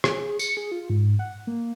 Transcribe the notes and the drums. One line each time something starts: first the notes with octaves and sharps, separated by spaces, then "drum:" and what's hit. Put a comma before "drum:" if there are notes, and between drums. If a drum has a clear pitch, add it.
G#4, drum: rim click
C#7, drum: tambourine
G#4
F4
G#2
F#5
A#3